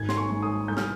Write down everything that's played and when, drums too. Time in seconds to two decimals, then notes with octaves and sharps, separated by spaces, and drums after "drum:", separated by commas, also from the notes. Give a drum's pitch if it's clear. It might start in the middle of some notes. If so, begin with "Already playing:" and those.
Already playing: G#1 G#6
0.09 C6, drum: snare
0.17 C#6
0.30 G#2
0.42 D#6
0.68 C2 G6
0.77 F6, drum: snare